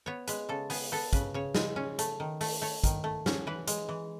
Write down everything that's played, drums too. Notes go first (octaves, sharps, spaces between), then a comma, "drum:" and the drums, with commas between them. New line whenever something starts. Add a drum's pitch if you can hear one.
B3 C#5
G#3 B4, drum: hi-hat
C#3 A4
B3 G#4, drum: open hi-hat
B3 A4
C#3 B4, drum: kick, hi-hat
C#3 C#5
G#3 D#5, drum: snare
C#4
A3, drum: hi-hat
D#3
A3, drum: open hi-hat
A3 C#5
D#3, drum: kick, hi-hat
A3
C#4, drum: snare
E3 B4
G#3, drum: hi-hat
E3